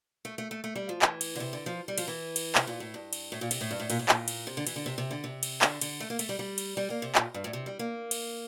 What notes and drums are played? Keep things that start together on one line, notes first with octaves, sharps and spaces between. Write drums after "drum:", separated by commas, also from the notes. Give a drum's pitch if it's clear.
A3
A3
A3
A3
G3
F3
E3, drum: clap
drum: cymbal
D3
C3
D3
F3
G3
F3, drum: cymbal
E3
drum: cymbal
C3, drum: clap
A#2
A2
G2
drum: cymbal
A2
A#2
C3, drum: cymbal
A2
G2
A2
A#2, drum: cymbal
A2
A#2, drum: clap
drum: cymbal
C3
D3
E3, drum: cymbal
D3
C3
C3
D3
C3
drum: cymbal
D3, drum: clap
D3, drum: cymbal
A3
A#3
A3, drum: cymbal
G3
G3
drum: cymbal
G3
A#3
C3
A#2, drum: clap
G2
A2
C3
G3
A#3
drum: cymbal